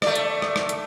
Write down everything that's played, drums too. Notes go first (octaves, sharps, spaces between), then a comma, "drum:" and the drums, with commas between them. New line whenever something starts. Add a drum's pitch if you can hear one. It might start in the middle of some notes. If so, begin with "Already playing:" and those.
A3 D5, drum: rim click
drum: hi-hat
drum: rim click
drum: rim click
drum: hi-hat